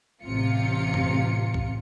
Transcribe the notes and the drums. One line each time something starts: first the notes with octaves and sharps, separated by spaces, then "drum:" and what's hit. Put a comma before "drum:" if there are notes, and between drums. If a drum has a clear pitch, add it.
A1 C3 F4 C#7
drum: tom F#2
drum: kick B1